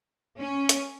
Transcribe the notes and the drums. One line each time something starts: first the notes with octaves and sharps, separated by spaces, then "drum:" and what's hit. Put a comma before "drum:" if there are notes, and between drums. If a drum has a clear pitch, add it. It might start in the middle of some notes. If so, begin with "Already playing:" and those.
C#4
drum: hi-hat